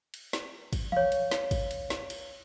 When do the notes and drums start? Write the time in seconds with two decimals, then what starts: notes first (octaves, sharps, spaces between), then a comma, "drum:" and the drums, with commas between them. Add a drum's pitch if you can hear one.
0.14 drum: cymbal
0.33 drum: snare
0.73 drum: kick, cymbal
0.92 C#5 F5, drum: tom E3
1.12 drum: cymbal
1.31 drum: snare
1.51 drum: kick, cymbal
1.71 drum: cymbal
1.90 drum: snare
2.10 drum: cymbal